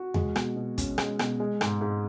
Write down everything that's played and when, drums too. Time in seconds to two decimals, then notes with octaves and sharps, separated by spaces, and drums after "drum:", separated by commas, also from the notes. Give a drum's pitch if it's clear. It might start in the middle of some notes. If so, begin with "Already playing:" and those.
Already playing: F#4
0.14 G#3, drum: tom E2
0.36 B2, drum: rim click
0.57 B2
0.78 C#4, drum: kick, hi-hat
0.98 G#3, drum: rim click
1.19 B2, drum: rim click
1.40 G#3
1.61 G#2, drum: rim click
1.81 G#2